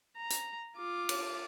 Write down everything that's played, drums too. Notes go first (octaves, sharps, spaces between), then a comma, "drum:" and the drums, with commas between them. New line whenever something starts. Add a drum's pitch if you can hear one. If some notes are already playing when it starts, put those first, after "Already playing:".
A#5
drum: hi-hat
F4 D6
drum: cymbal